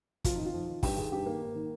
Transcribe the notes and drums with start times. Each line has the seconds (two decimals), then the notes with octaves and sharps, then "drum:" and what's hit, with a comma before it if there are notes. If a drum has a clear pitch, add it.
0.25 F2 F4, drum: kick, hi-hat
0.35 D#3 D#4
0.45 F4
0.53 F2
0.68 D#3
0.83 G2 G4, drum: kick, open hi-hat
0.97 D#3 G#4
1.12 G2 G4
1.26 D#3 A#3
1.41 G#2
1.55 D#3